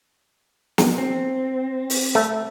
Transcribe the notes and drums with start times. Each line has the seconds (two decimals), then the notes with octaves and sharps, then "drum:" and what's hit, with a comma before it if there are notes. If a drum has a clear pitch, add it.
0.78 drum: snare
0.98 C4
1.90 drum: open hi-hat
2.15 A3